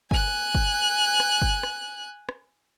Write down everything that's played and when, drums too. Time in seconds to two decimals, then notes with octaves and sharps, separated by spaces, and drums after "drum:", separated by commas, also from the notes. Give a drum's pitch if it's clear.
0.11 G#5 F#6, drum: kick G1
0.55 drum: kick G1
1.20 drum: rim click
1.42 drum: kick G1
1.63 drum: rim click
2.29 drum: rim click